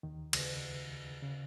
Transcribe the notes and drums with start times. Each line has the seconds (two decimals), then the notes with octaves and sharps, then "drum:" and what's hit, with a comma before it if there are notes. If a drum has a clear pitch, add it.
0.03 D#2 D#3
0.33 C#2 C#3, drum: cymbal
1.23 C#3